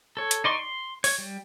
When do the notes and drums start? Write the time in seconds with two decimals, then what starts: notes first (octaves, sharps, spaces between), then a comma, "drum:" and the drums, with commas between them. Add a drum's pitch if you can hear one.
0.17 A4 C#5
0.31 drum: hi-hat
0.44 D#4 D5 C6 C#6
0.59 C6
1.04 C#5, drum: open hi-hat
1.18 G3